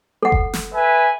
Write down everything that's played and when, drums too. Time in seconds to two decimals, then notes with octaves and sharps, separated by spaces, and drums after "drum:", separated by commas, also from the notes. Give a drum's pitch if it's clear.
0.22 A4 F#5
0.32 drum: kick F#1
0.53 drum: snare
0.75 B4 E5 G#5